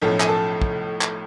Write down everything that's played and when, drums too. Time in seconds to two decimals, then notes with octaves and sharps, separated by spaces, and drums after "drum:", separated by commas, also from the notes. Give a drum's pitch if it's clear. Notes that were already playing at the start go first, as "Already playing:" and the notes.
0.02 B1 A2 F3 A3 C#4
0.20 G#5, drum: clap
0.28 A4 A5
0.62 drum: kick
1.01 drum: clap